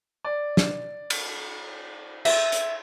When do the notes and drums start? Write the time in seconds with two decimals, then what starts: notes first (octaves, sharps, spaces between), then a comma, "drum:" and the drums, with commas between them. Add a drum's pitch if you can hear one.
0.24 D5
0.57 drum: snare
1.10 drum: cymbal
2.25 E5, drum: cymbal
2.52 drum: hi-hat